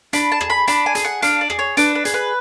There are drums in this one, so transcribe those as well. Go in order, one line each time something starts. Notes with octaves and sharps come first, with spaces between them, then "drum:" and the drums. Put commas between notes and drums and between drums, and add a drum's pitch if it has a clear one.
D4 B5, drum: hi-hat
A5
G#4, drum: rim click
B5
D4 B5, drum: hi-hat
G#5
G#4, drum: hi-hat
F#5
D4 F5, drum: hi-hat
D5
G#4, drum: rim click
C#5
D4 B4, drum: hi-hat
B4
G#4, drum: hi-hat
B4